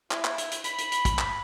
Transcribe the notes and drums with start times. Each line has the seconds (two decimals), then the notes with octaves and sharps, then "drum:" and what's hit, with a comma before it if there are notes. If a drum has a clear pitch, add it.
0.11 E4, drum: clap
0.25 drum: clap
0.38 drum: hi-hat
0.51 drum: hi-hat
0.64 B5, drum: hi-hat
0.78 drum: hi-hat
0.92 drum: hi-hat
1.05 drum: kick, hi-hat
1.19 drum: clap